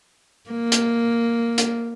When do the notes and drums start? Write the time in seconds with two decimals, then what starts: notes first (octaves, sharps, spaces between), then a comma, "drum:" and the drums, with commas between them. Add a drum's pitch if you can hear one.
0.50 A#3
0.72 drum: hi-hat
1.58 drum: hi-hat